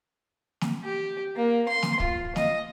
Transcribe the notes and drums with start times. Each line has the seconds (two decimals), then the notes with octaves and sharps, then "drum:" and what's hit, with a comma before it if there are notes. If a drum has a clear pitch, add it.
0.61 drum: snare
0.84 G4
1.36 A#3
1.69 C6
1.83 drum: snare
2.00 F4, drum: kick
2.36 D#5, drum: snare